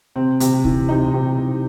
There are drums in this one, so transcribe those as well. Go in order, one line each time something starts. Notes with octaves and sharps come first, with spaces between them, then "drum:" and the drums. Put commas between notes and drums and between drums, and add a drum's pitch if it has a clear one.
C3 C4
C3, drum: hi-hat
E3, drum: kick D2
C3 D#4
C3
C3